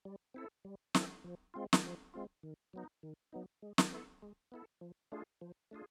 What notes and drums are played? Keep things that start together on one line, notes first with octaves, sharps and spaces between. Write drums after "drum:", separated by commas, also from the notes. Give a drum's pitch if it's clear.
G3
C4 E4 A4
G3
C4 E4 A4, drum: snare
F3
G#3 C4 F4
drum: snare
F3
G#3 C4 F4
D#3
F#3 B3 D#4
D#3
F#3 B3 D#4
G#3
drum: snare
B3 E4 A4
G#3
B3 E4 A4
F3
A3 D4 F4 G#4
F3
A3 D4 F4 G#4